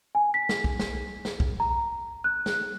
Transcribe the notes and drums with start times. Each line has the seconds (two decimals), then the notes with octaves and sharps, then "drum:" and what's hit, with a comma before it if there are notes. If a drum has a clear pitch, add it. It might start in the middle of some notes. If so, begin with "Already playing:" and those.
0.15 G#5
0.34 B6
0.49 drum: snare
0.64 drum: kick B1
0.79 drum: snare
1.25 drum: snare
1.40 drum: kick B1
1.60 A#5
2.24 F#6
2.46 drum: snare